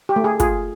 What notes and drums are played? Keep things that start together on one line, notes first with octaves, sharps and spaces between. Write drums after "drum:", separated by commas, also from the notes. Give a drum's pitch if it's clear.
G4
A3
G#4
F4 G#4, drum: kick, hi-hat